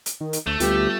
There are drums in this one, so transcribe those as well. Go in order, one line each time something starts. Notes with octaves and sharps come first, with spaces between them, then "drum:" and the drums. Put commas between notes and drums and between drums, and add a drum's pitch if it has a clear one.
drum: hi-hat
D#3
drum: hi-hat
D2 A3
D2 G3 B3 F4 G4, drum: hi-hat